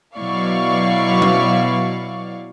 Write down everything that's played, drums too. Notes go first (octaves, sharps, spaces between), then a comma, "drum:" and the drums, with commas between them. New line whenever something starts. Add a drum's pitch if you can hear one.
B2 F#3 E4 D5 F5 C#6
drum: tom F#3